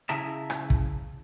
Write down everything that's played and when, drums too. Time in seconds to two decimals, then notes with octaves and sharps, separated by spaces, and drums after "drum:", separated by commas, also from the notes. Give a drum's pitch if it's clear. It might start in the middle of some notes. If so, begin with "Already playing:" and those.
0.09 C#3 E4 G#4 E5 A5 A#5
0.50 drum: rim click
0.70 drum: kick